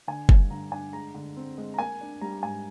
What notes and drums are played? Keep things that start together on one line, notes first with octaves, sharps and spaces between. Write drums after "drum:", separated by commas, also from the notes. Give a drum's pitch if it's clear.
D3 G#5
G2, drum: kick F#1
D3 A#5
D4 G#5
G#3 A#5
D3
C4
G#3
A#5
A#3 G#5
D4
G3 A#5
G#2 G#5